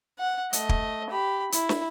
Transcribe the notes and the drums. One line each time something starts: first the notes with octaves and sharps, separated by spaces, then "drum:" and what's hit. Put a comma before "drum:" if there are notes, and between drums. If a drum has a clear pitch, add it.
F#5
A3 D#5, drum: hi-hat
drum: kick
G4 B5
E4, drum: hi-hat
drum: snare